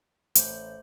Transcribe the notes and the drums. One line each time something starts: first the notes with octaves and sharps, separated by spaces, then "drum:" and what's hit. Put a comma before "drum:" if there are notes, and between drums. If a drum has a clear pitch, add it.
A1 A3 C5 G6, drum: hi-hat